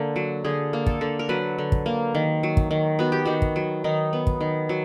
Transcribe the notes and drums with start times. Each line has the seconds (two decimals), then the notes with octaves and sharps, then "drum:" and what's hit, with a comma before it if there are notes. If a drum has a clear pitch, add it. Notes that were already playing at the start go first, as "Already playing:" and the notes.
Already playing: D3 A#3
0.16 F#3
0.44 D3 G#4
0.73 A#3
0.86 A4, drum: kick
1.01 D3
1.19 A#4
1.29 F#3 B4
1.58 D3
1.72 drum: kick
1.86 A#3
2.15 D#3
2.43 F#3
2.57 drum: kick
2.71 D#3
2.99 B3 F#4
3.12 G4
3.25 D#3 F#4
3.42 drum: kick
3.56 F#3
3.84 D#3 D#4
4.13 B3
4.27 drum: kick
4.41 D#3
4.69 F#3